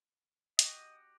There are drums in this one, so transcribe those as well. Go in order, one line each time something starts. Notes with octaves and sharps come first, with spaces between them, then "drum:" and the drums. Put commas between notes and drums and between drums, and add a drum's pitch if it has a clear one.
F#4 G4 D#5, drum: hi-hat